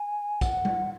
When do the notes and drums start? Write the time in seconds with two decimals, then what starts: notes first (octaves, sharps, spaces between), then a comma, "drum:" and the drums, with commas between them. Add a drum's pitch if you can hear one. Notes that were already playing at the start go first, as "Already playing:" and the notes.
Already playing: G#5
0.41 F#5, drum: kick, tambourine
0.65 drum: tom G3